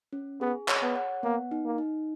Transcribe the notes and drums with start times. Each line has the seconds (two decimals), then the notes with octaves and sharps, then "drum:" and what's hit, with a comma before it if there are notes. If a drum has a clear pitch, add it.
0.13 C#4
0.41 B3 G#4
0.68 C#5, drum: clap
0.82 B3
0.96 F#5
1.23 A#3 B3
1.51 D#4
1.65 A#3
1.78 D#4